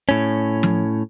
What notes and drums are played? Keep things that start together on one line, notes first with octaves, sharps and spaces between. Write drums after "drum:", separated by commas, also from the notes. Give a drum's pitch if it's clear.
A2 C#4
drum: tom F3